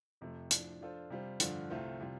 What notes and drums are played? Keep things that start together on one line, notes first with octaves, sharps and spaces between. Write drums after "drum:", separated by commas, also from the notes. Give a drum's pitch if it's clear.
F2 C3 F3 A3
A2 F3 D4, drum: hi-hat
F3 D4 F4 A4 C5
C3 G3 F4 C5
G2 D3 F3 D4 F4, drum: hi-hat
C2 C3 A3 F4 C5
C3 G3 F4